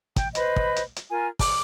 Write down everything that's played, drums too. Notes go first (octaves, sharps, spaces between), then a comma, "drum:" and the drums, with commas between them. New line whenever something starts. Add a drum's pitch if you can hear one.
G5, drum: kick, hi-hat
B4 C5 D#5 B5, drum: hi-hat
drum: kick
drum: hi-hat
drum: hi-hat
F4 A#4 G#5
D6, drum: kick, open hi-hat